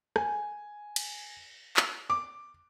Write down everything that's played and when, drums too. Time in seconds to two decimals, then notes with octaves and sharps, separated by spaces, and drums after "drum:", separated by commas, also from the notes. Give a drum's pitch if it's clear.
0.16 G#5, drum: rim click
0.96 drum: cymbal
1.77 drum: clap
2.10 D6